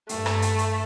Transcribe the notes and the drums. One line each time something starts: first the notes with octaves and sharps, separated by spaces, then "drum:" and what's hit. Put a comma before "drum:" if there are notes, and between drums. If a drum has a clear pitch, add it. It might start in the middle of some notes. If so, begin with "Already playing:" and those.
G2 A3, drum: hi-hat
drum: rim click
drum: hi-hat
drum: hi-hat